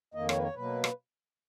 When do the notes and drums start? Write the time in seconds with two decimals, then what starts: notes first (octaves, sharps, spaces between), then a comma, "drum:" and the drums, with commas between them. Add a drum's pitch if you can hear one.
0.14 F2 D#3 A#3 D#5
0.29 C#5, drum: rim click
0.37 B4
0.42 C#5
0.55 B2 F#3 A#3 B4
0.84 drum: rim click